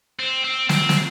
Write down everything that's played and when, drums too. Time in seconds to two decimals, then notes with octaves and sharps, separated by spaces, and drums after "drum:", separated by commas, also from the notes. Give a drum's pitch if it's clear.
0.20 C4
0.45 C4
0.69 C4, drum: snare
0.89 drum: snare